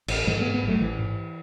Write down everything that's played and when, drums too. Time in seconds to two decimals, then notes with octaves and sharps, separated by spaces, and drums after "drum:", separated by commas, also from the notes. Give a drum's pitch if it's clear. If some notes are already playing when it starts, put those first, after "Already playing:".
0.08 A1, drum: cymbal
0.27 G#2 E3 G#3
0.40 G#2 G#3 B3
0.54 G#3 B3
0.63 A1 F#3 A3
0.81 A1 E3
0.99 G#2